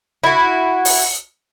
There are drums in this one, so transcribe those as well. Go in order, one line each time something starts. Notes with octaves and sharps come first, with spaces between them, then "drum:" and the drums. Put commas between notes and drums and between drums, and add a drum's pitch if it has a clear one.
E4 F#4
drum: open hi-hat